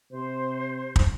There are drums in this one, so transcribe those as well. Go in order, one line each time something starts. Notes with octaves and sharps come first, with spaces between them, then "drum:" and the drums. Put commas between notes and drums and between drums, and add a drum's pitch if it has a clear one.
C3 C5
drum: kick